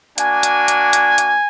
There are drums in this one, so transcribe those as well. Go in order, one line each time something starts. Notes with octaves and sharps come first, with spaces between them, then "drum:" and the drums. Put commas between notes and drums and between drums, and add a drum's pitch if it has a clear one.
A#3 D4 F#4 G#5, drum: hi-hat
drum: hi-hat
drum: hi-hat
drum: hi-hat
drum: hi-hat